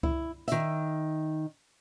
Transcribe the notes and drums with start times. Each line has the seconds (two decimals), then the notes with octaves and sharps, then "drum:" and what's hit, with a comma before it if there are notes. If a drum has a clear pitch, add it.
0.03 E4, drum: kick C#2
0.48 D#3 E5, drum: hi-hat